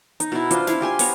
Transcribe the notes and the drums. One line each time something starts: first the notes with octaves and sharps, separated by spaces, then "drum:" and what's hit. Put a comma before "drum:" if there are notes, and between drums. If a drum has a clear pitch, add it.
D#4, drum: hi-hat
B2 E4
D4 F4 C5, drum: hi-hat
E4 F5, drum: snare
F4 G4 G#5 C6
B3 C#5 A#5, drum: open hi-hat